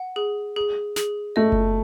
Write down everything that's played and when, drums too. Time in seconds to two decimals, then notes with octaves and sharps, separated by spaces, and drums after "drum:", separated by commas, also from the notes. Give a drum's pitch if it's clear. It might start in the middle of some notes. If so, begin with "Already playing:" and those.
Already playing: F#5
0.16 G#4
0.56 G#4
0.96 G#4, drum: snare
1.36 A3 D#5
1.52 drum: kick F#1